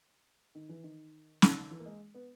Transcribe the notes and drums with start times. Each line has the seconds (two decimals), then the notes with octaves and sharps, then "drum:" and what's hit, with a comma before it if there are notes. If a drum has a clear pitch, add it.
0.55 D#3
0.69 E3
0.84 D#3
1.42 C#3, drum: snare
1.57 D#3
1.71 E3
1.80 A#3
1.85 G#3
2.14 B3